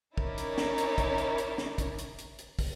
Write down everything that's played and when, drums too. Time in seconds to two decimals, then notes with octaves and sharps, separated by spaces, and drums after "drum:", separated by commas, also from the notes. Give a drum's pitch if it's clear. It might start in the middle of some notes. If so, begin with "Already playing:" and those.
0.18 C#4 D#4 E4 A#4 C#5 D5, drum: kick
0.38 drum: hi-hat
0.58 drum: snare
0.78 drum: hi-hat
0.98 drum: kick, hi-hat
1.18 drum: hi-hat
1.38 drum: hi-hat
1.58 drum: snare
1.78 drum: kick, hi-hat
1.98 drum: hi-hat
2.18 drum: hi-hat
2.39 drum: hi-hat
2.59 drum: kick, open hi-hat